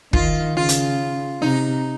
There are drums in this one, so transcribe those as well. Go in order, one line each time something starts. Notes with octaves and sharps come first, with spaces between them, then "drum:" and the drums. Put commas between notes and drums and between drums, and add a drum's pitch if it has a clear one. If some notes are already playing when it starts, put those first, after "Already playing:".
D#3 F4, drum: kick
C#3 F4
drum: hi-hat
C3 D#4